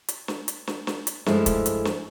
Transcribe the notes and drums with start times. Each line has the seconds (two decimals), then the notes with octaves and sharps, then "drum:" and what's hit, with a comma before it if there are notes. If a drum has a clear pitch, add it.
0.09 drum: hi-hat
0.28 drum: snare
0.48 drum: hi-hat
0.67 drum: snare
0.87 drum: snare
1.07 drum: hi-hat
1.26 G2 F3 G#3 A3 E4, drum: snare
1.46 drum: kick, hi-hat
1.66 drum: hi-hat
1.85 drum: snare